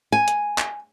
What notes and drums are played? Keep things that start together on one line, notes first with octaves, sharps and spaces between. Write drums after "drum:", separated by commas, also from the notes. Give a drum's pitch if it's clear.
G#5
drum: hi-hat
drum: clap